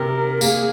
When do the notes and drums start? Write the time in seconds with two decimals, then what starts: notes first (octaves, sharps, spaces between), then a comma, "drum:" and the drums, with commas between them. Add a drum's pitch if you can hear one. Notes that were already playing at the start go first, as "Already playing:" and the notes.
Already playing: C3 A#4
0.41 A#3 G#4, drum: tambourine